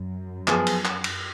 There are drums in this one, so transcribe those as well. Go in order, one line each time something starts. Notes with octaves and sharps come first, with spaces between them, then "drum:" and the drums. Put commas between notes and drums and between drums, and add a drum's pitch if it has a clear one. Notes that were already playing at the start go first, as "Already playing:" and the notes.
Already playing: F#2
F3 B3 F4 G#4, drum: clap
drum: cymbal
drum: clap
drum: cymbal